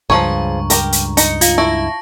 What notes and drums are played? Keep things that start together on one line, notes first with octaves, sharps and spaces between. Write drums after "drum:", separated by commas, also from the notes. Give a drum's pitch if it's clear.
C#2 G2 F3 G#4 C#5 A#5 C#6
G4 A#4, drum: hi-hat
drum: hi-hat
D#4 C#7, drum: hi-hat
F4 F5, drum: hi-hat
E4 A5 C#6 A#6